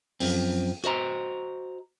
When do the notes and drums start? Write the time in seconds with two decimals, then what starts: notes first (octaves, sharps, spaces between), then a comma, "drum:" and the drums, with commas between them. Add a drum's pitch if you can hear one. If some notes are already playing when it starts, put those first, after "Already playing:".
0.20 F#2 F3 C4, drum: open hi-hat
0.84 F#4 C5 D#5 A#5 C6, drum: hi-hat